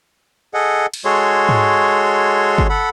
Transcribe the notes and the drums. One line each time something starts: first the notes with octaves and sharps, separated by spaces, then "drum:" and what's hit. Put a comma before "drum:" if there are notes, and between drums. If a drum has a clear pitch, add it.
G#4 A4 D#5 F#5
drum: cymbal
G#3 F#4 G#4 A4 C#5 C6
drum: tom G#2
drum: kick G1
A4 F#5 B5